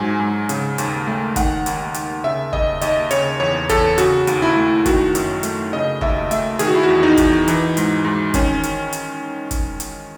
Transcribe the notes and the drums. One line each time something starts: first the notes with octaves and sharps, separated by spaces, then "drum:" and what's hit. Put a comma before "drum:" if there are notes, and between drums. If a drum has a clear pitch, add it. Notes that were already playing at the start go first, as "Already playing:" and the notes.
Already playing: G#2 F#3 G#5
G#2
C#3, drum: hi-hat
D#2, drum: hi-hat
A3
D#3 F#5, drum: kick, hi-hat
D#2, drum: hi-hat
D#2, drum: hi-hat
C#3 E5
D#2 D#5, drum: kick
D#2 D#5, drum: hi-hat
C#3 C#5, drum: hi-hat
E2 C#5
E2 A4, drum: kick, hi-hat
C#3 F#4, drum: hi-hat
D#2, drum: hi-hat
E4
A3
D#3 F#4, drum: kick, hi-hat
F#2, drum: hi-hat
A3, drum: hi-hat
C#3 D#5
D#2 E5, drum: kick
A3 E5, drum: hi-hat
D#3 G#4, drum: hi-hat
F#4
E4
F#4
E2
D#4
E2, drum: kick, hi-hat
E3, drum: hi-hat
G#2, drum: hi-hat
G#2
D#3 C#4, drum: kick, hi-hat
drum: hi-hat
drum: hi-hat
drum: kick, hi-hat
drum: hi-hat